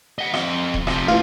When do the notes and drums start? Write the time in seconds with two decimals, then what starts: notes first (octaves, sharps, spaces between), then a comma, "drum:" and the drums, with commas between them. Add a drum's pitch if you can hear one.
0.19 D#5 F#5
0.34 F2 C6, drum: rim click
0.74 drum: kick D#1
0.87 C3 F3, drum: rim click
1.08 A2 E3 F3 F4